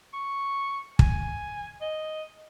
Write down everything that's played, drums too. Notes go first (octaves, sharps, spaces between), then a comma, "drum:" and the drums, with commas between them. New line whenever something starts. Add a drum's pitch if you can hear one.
C#6
G#5, drum: kick
D#5